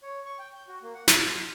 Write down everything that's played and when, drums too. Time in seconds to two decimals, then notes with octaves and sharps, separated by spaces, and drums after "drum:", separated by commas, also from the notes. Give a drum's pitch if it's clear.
0.03 C#5
0.25 C#6
0.39 G5
0.55 G6
0.68 F#4
0.82 A#3
0.94 F#5
1.08 G#5, drum: snare
1.23 C6
1.40 F6